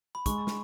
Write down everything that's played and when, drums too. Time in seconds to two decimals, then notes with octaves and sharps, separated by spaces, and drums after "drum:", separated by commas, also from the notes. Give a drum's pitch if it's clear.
0.15 B5
0.26 G#3 C#6, drum: kick, hi-hat
0.47 drum: snare